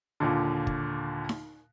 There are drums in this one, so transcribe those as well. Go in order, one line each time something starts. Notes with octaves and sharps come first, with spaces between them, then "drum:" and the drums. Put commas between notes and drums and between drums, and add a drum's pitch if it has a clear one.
D#2 A#2 D3
drum: kick G1
drum: snare D#4